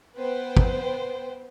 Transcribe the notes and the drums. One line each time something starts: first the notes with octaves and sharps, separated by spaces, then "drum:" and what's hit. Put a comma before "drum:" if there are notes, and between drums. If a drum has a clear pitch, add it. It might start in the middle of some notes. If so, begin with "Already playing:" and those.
B3 B4 C5 G5
drum: kick